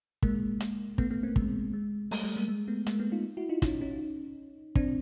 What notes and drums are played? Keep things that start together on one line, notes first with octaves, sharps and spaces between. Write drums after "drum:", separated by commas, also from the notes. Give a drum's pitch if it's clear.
G#3 A#3, drum: kick
drum: hi-hat
A3 B3, drum: kick
A3 B3
A#3 C4
G#3, drum: kick
G#3
G3 A3, drum: open hi-hat
G3 A3
G#3 A#3
G#3
A3 B3
G#3 A#3, drum: hi-hat
A3 B3
D#4 F4
E4 F#4
D#4 F4
C#4 D#4, drum: kick, hi-hat
C#4 D#4
C4 D4, drum: kick